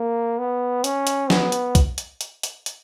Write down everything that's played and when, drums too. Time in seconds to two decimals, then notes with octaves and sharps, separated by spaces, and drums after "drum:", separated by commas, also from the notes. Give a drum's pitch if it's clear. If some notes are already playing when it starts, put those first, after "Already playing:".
Already playing: A#3
0.39 B3
0.84 C#4, drum: hi-hat
1.07 drum: hi-hat
1.30 B3, drum: snare
1.52 drum: hi-hat
1.75 drum: kick, hi-hat
1.98 drum: hi-hat
2.21 drum: hi-hat
2.43 drum: hi-hat
2.66 drum: hi-hat